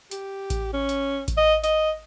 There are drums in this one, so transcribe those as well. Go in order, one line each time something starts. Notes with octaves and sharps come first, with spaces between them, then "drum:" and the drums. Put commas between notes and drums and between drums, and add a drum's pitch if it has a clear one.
G4, drum: hi-hat
drum: kick A1, hi-hat
C#4
drum: hi-hat
drum: kick A1, hi-hat
D#5
D#5, drum: hi-hat